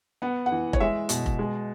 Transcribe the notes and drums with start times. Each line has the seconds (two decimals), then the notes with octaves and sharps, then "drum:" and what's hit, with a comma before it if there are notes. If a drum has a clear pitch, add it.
0.22 B3 F#5
0.46 F#5
0.52 E3
0.73 C#5, drum: kick F1
0.80 G#3 E5
1.09 B2, drum: hi-hat
1.26 drum: kick F1
1.39 G#3